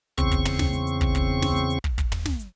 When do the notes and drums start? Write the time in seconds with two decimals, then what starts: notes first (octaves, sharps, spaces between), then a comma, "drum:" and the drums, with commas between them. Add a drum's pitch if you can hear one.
0.18 E2 C#3 C4 C#6, drum: kick, hi-hat
0.31 drum: kick, hi-hat
0.45 drum: tom
0.59 drum: snare
0.73 drum: hi-hat
0.87 drum: hi-hat
1.01 drum: kick
1.15 drum: kick, hi-hat
1.42 drum: snare
1.56 drum: hi-hat
1.70 drum: hi-hat
1.84 drum: kick
1.98 drum: kick, hi-hat
2.12 drum: tom
2.26 drum: snare
2.39 drum: hi-hat